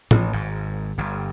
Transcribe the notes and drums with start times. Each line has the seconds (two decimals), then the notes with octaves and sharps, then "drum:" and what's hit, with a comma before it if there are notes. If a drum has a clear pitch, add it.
0.11 A1 A2, drum: tom
0.33 G#1 G#2
0.98 G1 G2